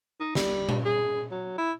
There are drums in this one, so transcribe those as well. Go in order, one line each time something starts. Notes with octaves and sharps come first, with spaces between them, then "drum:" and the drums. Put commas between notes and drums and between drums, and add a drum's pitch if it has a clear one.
D#4
G3, drum: snare
drum: tom A#2
G#4
F#3
E4